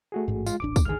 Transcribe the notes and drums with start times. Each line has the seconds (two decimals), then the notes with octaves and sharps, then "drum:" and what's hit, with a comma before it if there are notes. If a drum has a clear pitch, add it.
0.12 A3 F#4 G#4
0.28 A1 G#2
0.46 G#3 F4, drum: tambourine
0.60 D#1 A1 D4 D6
0.76 drum: kick, tambourine
0.85 G#1 D2 D#3 G#4 F6